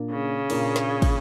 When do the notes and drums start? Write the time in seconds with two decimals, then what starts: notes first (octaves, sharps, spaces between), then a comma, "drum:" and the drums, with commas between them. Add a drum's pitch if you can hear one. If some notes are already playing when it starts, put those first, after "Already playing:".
Already playing: A#2 A#3 D4 A#4
0.10 C#3
0.50 A#2 A#3 D4 A#4, drum: cymbal
0.76 drum: snare
1.02 drum: kick, cymbal